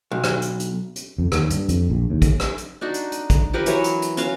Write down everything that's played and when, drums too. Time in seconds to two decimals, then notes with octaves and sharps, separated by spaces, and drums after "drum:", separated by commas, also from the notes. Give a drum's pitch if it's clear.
0.11 B1
0.24 drum: rim click
0.42 drum: hi-hat
0.60 drum: hi-hat
0.96 drum: hi-hat
1.18 F2
1.32 D#2, drum: rim click
1.50 G2, drum: hi-hat
1.69 F2, drum: hi-hat
1.90 A#1
2.10 D#2
2.22 drum: kick, hi-hat
2.40 drum: rim click
2.58 drum: hi-hat
2.81 D4 D#4 F#4
2.94 drum: hi-hat
3.12 drum: hi-hat
3.30 drum: kick, hi-hat
3.53 F3 G4 A#4 B4
3.66 E3 F#3 C#5, drum: hi-hat
3.84 drum: hi-hat
4.02 drum: hi-hat
4.17 C#4 F4 F#4 F5, drum: hi-hat